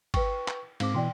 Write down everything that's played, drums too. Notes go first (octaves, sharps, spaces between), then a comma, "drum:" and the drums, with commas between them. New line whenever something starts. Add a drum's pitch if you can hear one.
B4 G5 C#6, drum: kick G1, cymbal
drum: clap
G#2 C4 F5 D6, drum: cymbal
B2 E3 D5 G5 C6